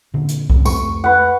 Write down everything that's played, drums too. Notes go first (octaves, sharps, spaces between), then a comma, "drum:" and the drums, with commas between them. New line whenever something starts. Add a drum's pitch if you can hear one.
A#2 D3
drum: hi-hat
drum: kick C2
F2 A3 C#6, drum: tambourine
B4 F#5